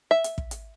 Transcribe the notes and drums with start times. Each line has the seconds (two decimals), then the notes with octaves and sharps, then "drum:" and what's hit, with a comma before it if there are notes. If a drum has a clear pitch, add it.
0.11 E5
0.24 drum: hi-hat
0.38 drum: kick
0.51 drum: hi-hat